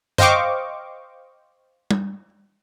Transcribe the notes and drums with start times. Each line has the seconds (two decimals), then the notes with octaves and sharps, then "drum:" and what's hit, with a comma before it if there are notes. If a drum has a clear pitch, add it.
0.18 C5 D#5 F5 G5 C#6 D6, drum: tom F#2
1.91 drum: tom